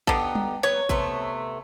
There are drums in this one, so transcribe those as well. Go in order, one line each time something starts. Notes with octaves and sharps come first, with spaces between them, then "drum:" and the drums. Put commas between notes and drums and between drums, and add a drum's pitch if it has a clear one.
D3 B3 D#4 G4 A4, drum: kick A1
drum: tom G3
F#3 B3 C#5
C3 A3 B3, drum: kick A1